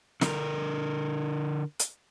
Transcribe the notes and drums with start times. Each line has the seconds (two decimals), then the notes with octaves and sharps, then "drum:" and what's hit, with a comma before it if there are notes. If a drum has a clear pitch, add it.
0.21 D3 D4 A#4, drum: snare
1.80 drum: hi-hat